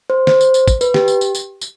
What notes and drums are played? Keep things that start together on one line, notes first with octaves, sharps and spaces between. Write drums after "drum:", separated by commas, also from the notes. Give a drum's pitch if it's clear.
C5
C5, drum: snare
drum: tambourine
drum: tambourine
drum: kick, tambourine
B4, drum: tambourine
G4, drum: snare
drum: tambourine
drum: tambourine
drum: tambourine
drum: tambourine